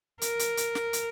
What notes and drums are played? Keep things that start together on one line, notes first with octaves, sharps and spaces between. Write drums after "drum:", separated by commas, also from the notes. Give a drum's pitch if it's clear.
A#4, drum: hi-hat
drum: hi-hat
drum: hi-hat
drum: snare
drum: hi-hat